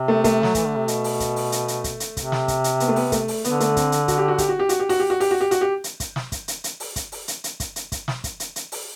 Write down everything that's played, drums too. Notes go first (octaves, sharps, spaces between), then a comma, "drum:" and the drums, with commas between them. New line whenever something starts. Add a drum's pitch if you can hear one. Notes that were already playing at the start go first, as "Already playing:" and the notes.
Already playing: C3
A3
A3, drum: kick, hi-hat
F#3, drum: snare
E3, drum: kick, hi-hat
D3
C3
B2, drum: hi-hat
drum: open hi-hat
drum: kick, hi-hat
drum: open hi-hat
drum: hi-hat
drum: hi-hat
drum: kick, hi-hat
drum: hi-hat
C3, drum: kick, hi-hat
drum: snare
drum: kick, hi-hat
drum: hi-hat
B3, drum: hi-hat
A3
B3, drum: open hi-hat
A3, drum: kick, hi-hat
drum: open hi-hat
D3 B3, drum: hi-hat
A3, drum: hi-hat
C4, drum: kick, hi-hat
drum: hi-hat
F#4, drum: kick, hi-hat
G4
F#4
G4, drum: kick, hi-hat
F#4
G4
F#4, drum: hi-hat
G4
F#4, drum: open hi-hat
G4
F#4
G4, drum: open hi-hat
F#4
G4
F#4, drum: hi-hat
G4
drum: hi-hat
drum: kick, hi-hat
drum: snare
drum: kick, hi-hat
drum: hi-hat
drum: hi-hat
drum: open hi-hat
drum: kick, hi-hat
drum: open hi-hat
drum: hi-hat
drum: hi-hat
drum: kick, hi-hat
drum: hi-hat
drum: kick, hi-hat
drum: snare
drum: kick, hi-hat
drum: hi-hat
drum: hi-hat
drum: open hi-hat